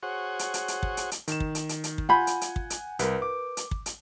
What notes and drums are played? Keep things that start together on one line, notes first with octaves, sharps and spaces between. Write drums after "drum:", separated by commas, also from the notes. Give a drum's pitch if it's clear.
F#4 G#4 C5 C#5 F#5
drum: hi-hat
drum: hi-hat
drum: hi-hat
drum: kick
drum: hi-hat
drum: hi-hat
D#3 E7, drum: hi-hat
drum: kick
drum: hi-hat
drum: hi-hat
drum: hi-hat
drum: kick
F4 F#5 G#5 B5 G6
drum: hi-hat
drum: hi-hat
drum: kick
drum: hi-hat
C2 A#4 B4, drum: hi-hat
D6
drum: hi-hat
drum: kick
drum: hi-hat